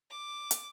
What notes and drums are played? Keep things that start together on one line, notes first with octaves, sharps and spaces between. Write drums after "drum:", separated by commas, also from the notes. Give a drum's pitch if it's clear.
D6
drum: hi-hat